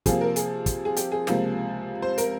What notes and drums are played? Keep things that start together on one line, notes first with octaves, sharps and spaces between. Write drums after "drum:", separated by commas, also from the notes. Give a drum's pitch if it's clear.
C3 F3 A#3 G#4, drum: kick, hi-hat
A#4
G#4, drum: hi-hat
drum: kick, hi-hat
G#4
G4, drum: hi-hat
G#4
C#2 C3 F3 A#3, drum: snare
C5
A#4, drum: hi-hat